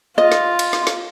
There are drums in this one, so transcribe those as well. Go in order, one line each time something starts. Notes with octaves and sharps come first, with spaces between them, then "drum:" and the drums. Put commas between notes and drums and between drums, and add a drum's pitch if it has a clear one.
F4 D#5
drum: snare
drum: cymbal
drum: snare
drum: snare